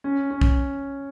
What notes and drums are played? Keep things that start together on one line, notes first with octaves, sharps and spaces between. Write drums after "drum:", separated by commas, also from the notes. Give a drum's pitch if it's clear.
C#4
C#4
drum: kick